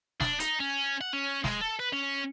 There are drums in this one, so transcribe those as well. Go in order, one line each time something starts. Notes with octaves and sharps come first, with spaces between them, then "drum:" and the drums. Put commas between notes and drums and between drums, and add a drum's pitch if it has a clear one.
D4, drum: snare
D#4, drum: hi-hat
C#4
F#5
C#4
G#3, drum: snare
A4
B4
C#4